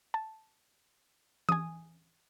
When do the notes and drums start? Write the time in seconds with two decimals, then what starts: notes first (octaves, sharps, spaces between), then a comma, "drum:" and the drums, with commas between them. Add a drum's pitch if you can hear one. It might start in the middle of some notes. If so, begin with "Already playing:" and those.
0.14 A5
1.49 G#5 D#6, drum: tom E3